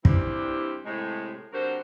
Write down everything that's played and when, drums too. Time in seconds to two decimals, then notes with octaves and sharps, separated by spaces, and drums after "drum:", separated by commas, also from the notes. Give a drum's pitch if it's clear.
0.05 G2 E3 C4 D4 E4 G4, drum: kick
0.85 A2 C3 G#3
1.53 D3 G3 C4 F#4 A#4 C5